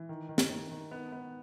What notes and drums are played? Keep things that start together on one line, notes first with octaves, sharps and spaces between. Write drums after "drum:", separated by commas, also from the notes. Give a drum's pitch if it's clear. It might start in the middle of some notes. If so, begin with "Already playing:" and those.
Already playing: E3
D#3
D#3
drum: snare
D#3
D#3
B3
B3